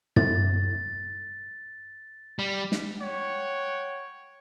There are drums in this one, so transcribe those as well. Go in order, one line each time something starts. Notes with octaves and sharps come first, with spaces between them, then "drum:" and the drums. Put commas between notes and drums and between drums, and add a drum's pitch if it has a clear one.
A6, drum: tom
G3
drum: snare
C#5 F#5 G5